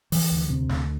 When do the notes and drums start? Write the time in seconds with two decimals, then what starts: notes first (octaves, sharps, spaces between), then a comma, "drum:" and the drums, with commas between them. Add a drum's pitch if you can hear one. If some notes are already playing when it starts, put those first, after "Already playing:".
0.12 E3, drum: open hi-hat
0.31 D2
0.49 C3
0.69 D2, drum: snare